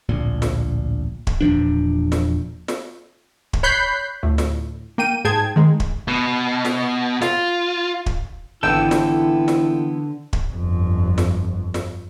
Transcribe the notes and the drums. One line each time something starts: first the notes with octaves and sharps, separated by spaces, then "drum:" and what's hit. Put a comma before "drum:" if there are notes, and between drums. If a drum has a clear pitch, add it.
D1 A#1 A#2
drum: snare
drum: kick
E1 A#2 F3 D4
drum: snare
drum: snare
drum: kick
C#5 B5 F#6 G6 B6 C7
D2 A2
drum: snare
A#3 G5 D#7
G#2 G#4 G5 A5 G#6
D#3 G#3
drum: kick
B2
drum: snare
F4, drum: snare
drum: kick
G#1 D3 E3 B3 E4 A4 G5 E6
drum: snare
drum: snare
drum: kick
G1 F2
drum: snare
drum: snare